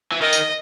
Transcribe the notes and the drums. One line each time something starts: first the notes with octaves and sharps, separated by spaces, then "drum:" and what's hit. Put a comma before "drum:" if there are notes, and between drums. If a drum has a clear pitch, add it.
E3
D#3 D#5
drum: tambourine